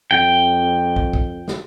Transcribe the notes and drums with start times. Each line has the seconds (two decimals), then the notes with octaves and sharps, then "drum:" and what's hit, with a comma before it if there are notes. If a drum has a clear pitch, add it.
0.11 F2 G5
0.96 drum: kick
1.13 drum: kick
1.48 drum: snare